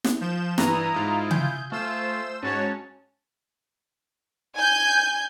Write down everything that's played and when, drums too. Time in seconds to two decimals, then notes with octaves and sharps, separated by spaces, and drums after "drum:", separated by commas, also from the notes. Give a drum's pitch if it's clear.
0.04 drum: snare
0.21 F3 G6 E7
0.58 G2 E3 E4 A#5 D#6, drum: snare
0.94 G#2 F4 D#6
1.31 G#5 G6, drum: tom C#3
1.72 A3 F4 C5 E6 E7
2.43 G#2 C#4 F#4 C#5 A5
4.56 G#5 G6